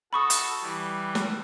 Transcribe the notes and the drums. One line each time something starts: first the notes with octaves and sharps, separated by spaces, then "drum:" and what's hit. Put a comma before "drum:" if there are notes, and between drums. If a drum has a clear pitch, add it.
F#4 A4 B5 C#6 D#6
drum: hi-hat
E3 G3
drum: snare